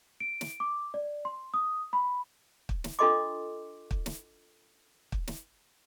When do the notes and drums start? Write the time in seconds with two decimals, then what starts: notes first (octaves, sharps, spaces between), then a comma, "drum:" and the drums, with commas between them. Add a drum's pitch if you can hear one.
0.20 D7
0.41 drum: snare
0.60 D6
0.94 D5
1.25 C6
1.54 D#6
1.93 B5
2.69 drum: kick
2.84 drum: snare
2.99 D4 F4 A4 D#5 C6 D6
3.91 drum: kick
4.06 drum: snare
5.12 drum: kick
5.27 drum: snare